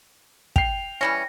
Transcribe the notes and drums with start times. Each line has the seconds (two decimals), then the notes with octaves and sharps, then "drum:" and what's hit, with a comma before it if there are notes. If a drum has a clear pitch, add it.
0.56 G5 C7 F7, drum: kick
1.01 E3 G3 C#4 A#6